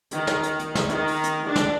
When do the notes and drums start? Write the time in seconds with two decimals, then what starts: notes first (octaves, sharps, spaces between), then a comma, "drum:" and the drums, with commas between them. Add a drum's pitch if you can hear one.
0.11 D#3, drum: hi-hat
0.27 drum: snare
0.43 drum: hi-hat
0.59 drum: hi-hat
0.75 drum: snare
0.89 D#3, drum: hi-hat
1.08 drum: open hi-hat
1.24 drum: hi-hat
1.46 D4
1.56 drum: snare